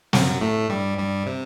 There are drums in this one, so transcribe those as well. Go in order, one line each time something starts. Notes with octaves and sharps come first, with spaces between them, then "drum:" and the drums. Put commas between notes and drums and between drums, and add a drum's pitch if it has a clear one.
F#2 F#3, drum: snare
A2 A3
G2 G3
G2 G3
C3